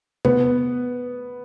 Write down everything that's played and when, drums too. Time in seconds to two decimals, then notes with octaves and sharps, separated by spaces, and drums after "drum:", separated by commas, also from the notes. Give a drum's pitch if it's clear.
0.25 B3, drum: tom C3